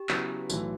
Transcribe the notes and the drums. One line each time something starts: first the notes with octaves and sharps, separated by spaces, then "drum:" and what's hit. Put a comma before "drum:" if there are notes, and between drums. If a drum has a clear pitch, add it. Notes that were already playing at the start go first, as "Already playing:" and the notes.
Already playing: G4
C#3 F#3 B3 E4 B4, drum: clap
B1 A2 E3 F#4, drum: tambourine